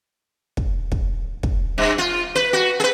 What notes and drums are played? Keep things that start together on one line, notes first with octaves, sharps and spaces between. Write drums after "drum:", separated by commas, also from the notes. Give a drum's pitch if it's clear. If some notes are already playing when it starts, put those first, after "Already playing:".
drum: kick
drum: kick
drum: kick
G2
F4
B4
F#4
G#4 B4